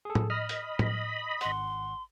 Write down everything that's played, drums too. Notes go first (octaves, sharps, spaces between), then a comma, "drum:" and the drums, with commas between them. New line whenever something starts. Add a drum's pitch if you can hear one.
G#4 A4
drum: tom A2
D#5 B5 D#6 F6 A#6
drum: hi-hat
drum: tom A2
G#1 F#5 C6, drum: hi-hat